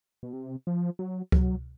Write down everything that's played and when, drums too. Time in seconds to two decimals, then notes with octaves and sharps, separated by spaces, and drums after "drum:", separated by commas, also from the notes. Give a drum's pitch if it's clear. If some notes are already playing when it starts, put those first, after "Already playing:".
0.23 B2
0.33 C3
0.67 F3
0.99 F#3
1.32 F#3, drum: kick C#2